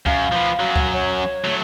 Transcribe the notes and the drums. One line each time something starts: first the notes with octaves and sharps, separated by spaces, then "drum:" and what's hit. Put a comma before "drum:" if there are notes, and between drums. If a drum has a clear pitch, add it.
F#2 F5, drum: kick C#2
F3 B3
F#2 F#3
drum: kick C#2
C#5
F#3 A3